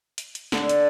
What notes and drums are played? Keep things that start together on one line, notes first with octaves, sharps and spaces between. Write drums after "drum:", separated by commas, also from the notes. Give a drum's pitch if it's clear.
drum: hi-hat
drum: hi-hat
D3, drum: snare
drum: hi-hat